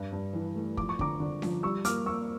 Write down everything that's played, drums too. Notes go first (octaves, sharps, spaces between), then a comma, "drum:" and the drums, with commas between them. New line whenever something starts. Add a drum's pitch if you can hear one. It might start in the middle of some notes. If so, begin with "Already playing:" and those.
Already playing: G2 G3
G2
E3
A3
F3 D6, drum: kick
C#6
D3 A#5 D6, drum: kick
D3
F3, drum: snare C#4
G3 C#6 E6
A#3 D6 F6, drum: hi-hat
A#3 C#6 E6